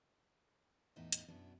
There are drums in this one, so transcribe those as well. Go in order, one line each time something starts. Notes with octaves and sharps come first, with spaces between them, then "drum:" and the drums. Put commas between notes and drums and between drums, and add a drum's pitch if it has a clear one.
E2 A2 B3 D#4 D#5 E5
drum: hi-hat
F#2 B2 B3 C#4 D4 E4